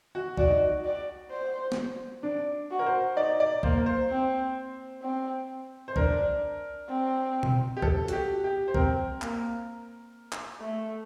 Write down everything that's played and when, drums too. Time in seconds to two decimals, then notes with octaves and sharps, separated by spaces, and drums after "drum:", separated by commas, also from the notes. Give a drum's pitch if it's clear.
0.15 F#4
0.37 F#4 D5, drum: kick C2
0.48 D#4
0.59 F#4
0.84 D5
1.31 C5
1.72 drum: snare
2.23 D4 D5
2.71 F#4
2.79 A#4
2.86 C5
3.16 D#4 D5
3.40 D5
3.63 A#3 C5, drum: kick C2
3.86 C5
4.10 C4
5.02 C4
5.88 C5
5.96 D4 A#4, drum: kick C2
6.89 C4
7.43 drum: tom B2
7.77 G4
7.82 A4, drum: kick C2
8.08 F#4, drum: hi-hat
8.13 G4
8.44 G4
8.68 C5
8.75 C4 A#4, drum: kick C2
9.22 A#3, drum: clap
10.32 drum: clap
10.61 A3